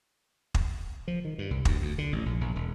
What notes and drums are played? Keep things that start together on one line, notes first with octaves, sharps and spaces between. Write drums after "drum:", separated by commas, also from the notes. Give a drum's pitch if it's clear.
drum: kick
F3
D#3
G2
C2
D2, drum: kick
D2
D3
A1
A#1
A#1
E1